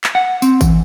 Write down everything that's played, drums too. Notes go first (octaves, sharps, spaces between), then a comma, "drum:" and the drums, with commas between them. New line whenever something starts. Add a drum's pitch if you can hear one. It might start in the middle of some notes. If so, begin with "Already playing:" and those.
drum: clap
F#5
C4, drum: tambourine
E3, drum: kick G#1, tambourine